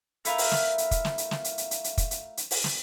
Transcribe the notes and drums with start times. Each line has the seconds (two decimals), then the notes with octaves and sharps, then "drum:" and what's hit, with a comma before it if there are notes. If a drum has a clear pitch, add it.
0.25 A3 E4 F4 A#4, drum: hi-hat
0.38 drum: open hi-hat
0.51 drum: snare
0.78 drum: hi-hat
0.91 drum: kick, hi-hat
1.05 drum: snare
1.18 drum: hi-hat
1.31 drum: snare
1.44 drum: hi-hat
1.58 drum: hi-hat
1.71 drum: hi-hat
1.84 drum: hi-hat
1.98 drum: kick, hi-hat
2.11 drum: hi-hat
2.37 drum: hi-hat
2.51 drum: open hi-hat
2.64 drum: snare